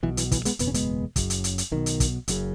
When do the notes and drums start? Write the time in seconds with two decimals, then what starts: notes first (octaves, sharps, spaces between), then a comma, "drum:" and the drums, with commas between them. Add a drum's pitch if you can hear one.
0.03 B1 B2 E3
0.17 E3, drum: hi-hat
0.32 E3, drum: kick, hi-hat
0.45 G#3 B3, drum: hi-hat
0.59 F#1 E2 B2 B3, drum: hi-hat
0.67 C#4
0.74 G#3 B3, drum: hi-hat
1.16 F#1 F#2 C#3, drum: kick, hi-hat
1.30 drum: hi-hat
1.44 drum: hi-hat
1.58 drum: hi-hat
1.71 B1 B2 D#3
1.86 drum: hi-hat
2.00 drum: kick, hi-hat
2.28 F#1 F#2 C#3, drum: hi-hat